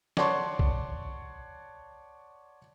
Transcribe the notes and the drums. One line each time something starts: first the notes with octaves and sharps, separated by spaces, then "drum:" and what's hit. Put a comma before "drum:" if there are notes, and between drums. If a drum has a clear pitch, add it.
C#5 D5 F#5 A5 C6 C#6, drum: snare
drum: kick B1